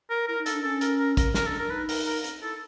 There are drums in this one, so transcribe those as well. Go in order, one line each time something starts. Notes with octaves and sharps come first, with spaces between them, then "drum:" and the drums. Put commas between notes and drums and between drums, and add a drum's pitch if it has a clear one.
A#4
E4 A#4
D#4
A4, drum: hi-hat
D4
C#4 A4
A#4, drum: hi-hat
A#4
A#4, drum: kick, hi-hat
C#4 A#4, drum: snare
D4 A4
D4 A#4
D#4 B4
A#4, drum: open hi-hat
A#4
drum: hi-hat
E4 A4